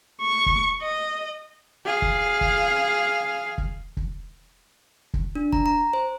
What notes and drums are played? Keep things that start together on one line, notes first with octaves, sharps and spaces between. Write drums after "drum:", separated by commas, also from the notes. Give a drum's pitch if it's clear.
C#6
drum: kick
D#5
G#4 F5
drum: kick
drum: kick
drum: kick
drum: kick
drum: kick
D4
A#5, drum: kick
A#5
C5